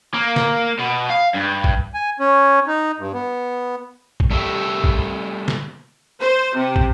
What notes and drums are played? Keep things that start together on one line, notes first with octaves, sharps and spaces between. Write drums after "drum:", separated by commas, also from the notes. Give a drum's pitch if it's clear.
A#3
drum: snare
B2
F5
G2
drum: kick
G#5
C#4
D#4
G2
B3
drum: kick
G3 A3 E4 G4 E5
drum: kick
drum: snare
C5
C3
drum: kick